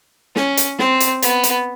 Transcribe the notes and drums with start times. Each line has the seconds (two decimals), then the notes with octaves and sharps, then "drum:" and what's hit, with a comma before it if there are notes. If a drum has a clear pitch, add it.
0.36 C#4, drum: snare
0.57 drum: hi-hat
0.79 C4, drum: snare
1.00 drum: hi-hat
1.22 B3, drum: hi-hat
1.44 drum: hi-hat